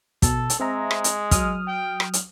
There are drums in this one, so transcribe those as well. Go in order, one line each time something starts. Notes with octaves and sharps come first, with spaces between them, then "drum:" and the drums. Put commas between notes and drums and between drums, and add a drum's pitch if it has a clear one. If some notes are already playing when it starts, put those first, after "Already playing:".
B2 A4, drum: kick, hi-hat
drum: hi-hat
G#3 C4 E5 A#5
drum: rim click
drum: hi-hat
F#3 D#6 F6, drum: kick, hi-hat
G5
drum: rim click
drum: hi-hat